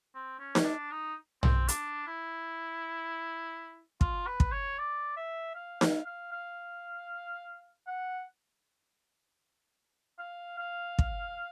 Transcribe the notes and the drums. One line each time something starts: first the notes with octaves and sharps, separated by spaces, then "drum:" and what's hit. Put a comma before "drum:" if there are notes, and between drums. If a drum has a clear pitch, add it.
C4
C#4
drum: snare D#4
D4
D#4
C4, drum: tom
D4, drum: hi-hat
E4
F4, drum: kick
B4
drum: kick
C#5
D5
E5
F5
F5, drum: snare D#4
F5
F5
F#5
F5
F5
drum: kick